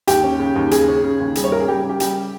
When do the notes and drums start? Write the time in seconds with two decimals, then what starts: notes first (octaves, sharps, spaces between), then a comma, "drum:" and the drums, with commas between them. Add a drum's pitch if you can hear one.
0.07 D#2 G4, drum: hi-hat
0.23 C#4
0.39 C#3
0.56 D#2
0.71 C#3 G#4, drum: hi-hat
0.88 C#4
1.04 C#3
1.20 D#2
1.35 G3 G#4, drum: hi-hat
1.44 C#5
1.52 C#3 A#4
1.60 G#4
1.68 G3 G4
1.84 C#3
1.89 G4
2.00 G3 G4, drum: hi-hat